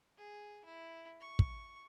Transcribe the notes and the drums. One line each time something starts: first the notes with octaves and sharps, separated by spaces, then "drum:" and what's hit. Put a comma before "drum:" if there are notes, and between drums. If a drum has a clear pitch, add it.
G#4
E4
C#6
drum: kick